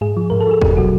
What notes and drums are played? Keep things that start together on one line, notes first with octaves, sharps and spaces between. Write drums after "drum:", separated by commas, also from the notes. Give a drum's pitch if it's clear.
G#2 G#4
F3
G#2 A#4
A4
F3 G#4
E2 G4, drum: kick F1
B2 F#3 F#4